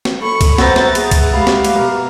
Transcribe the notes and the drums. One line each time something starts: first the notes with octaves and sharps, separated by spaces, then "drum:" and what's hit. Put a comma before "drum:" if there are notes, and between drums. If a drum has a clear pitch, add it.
drum: snare
A4 B5 C#6
drum: kick, cymbal
B3 C5 E5 A#5 A6, drum: snare
drum: snare
G#4, drum: cymbal
drum: kick, cymbal
G#3 G4 F5 B5
drum: snare
drum: cymbal
B2 A#4